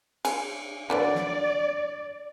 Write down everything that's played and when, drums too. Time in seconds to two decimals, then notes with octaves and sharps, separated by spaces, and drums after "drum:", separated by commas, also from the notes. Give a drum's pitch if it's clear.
0.25 G#4, drum: cymbal
0.90 D3 E3 F#3 D5
1.15 drum: snare